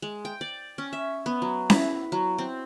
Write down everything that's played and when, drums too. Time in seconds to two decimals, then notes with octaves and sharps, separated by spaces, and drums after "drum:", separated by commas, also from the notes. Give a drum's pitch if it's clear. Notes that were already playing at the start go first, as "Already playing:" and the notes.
0.02 G#3
0.25 G5
0.41 D5
0.78 C#4
0.93 E5
1.26 B3
1.42 F#3
1.70 E4, drum: snare C#4
2.12 F#3
2.38 C4